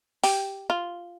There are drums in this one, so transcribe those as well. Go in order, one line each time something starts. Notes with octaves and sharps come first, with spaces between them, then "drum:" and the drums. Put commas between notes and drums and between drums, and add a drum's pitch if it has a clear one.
G4, drum: open hi-hat
F4